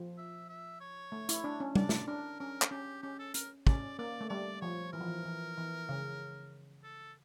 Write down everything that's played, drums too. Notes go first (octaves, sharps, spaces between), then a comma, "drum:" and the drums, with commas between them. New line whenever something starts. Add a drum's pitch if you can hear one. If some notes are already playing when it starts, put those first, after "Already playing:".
Already playing: F3
E5
E5
C#5
A3
E4, drum: hi-hat
D4
C#4
D4 D5, drum: tom
drum: snare
D4 A#4
C#4 A#4
drum: clap
C#4 G4
C#4 G4
A4
A#4, drum: hi-hat
C#4 D5, drum: kick
A#3 D5
A3
G3 D5
F3 C#5
E3 A#4
F3
E3
E3
E3
C#3
A4